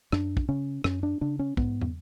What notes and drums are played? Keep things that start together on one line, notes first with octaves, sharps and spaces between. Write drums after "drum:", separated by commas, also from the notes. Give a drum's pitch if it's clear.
F#2 D4, drum: rim click
drum: kick
C#3 C#4
F#2 C#4, drum: rim click
D4
C#3 D4
C#4
G#2 B3, drum: kick
drum: tom